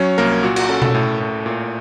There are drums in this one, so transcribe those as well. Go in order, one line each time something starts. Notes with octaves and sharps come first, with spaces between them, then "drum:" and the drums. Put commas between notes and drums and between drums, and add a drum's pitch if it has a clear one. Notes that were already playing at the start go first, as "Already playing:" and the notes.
Already playing: F#3 C#4 C#5
C2 A#3 A#4
A#2 F#4
F#4, drum: cymbal
C#4 A4
A4, drum: tom B2
A2
A2
A#2